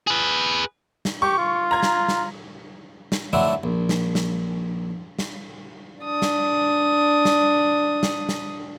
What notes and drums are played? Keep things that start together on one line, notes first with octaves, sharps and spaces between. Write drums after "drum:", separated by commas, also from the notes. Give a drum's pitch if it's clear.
G#4 B4
drum: snare
G4 C#6
F4
A#5 G#6
drum: snare
drum: snare
drum: snare
D3 F#3 A3 C4 D4 E4
A#1
drum: snare
drum: snare
drum: snare
D4 D#6
drum: snare
drum: snare
drum: snare
drum: snare